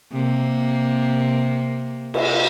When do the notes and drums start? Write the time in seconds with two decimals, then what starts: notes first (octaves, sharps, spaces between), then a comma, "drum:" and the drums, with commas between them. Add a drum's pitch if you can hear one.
0.12 C3 A#3
2.14 drum: cymbal